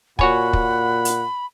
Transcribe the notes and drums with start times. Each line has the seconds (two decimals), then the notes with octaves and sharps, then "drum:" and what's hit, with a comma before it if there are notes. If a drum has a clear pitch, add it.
0.19 A#2 F#4 C#5 F#5 G#5 B5, drum: kick
0.53 drum: kick
1.05 drum: hi-hat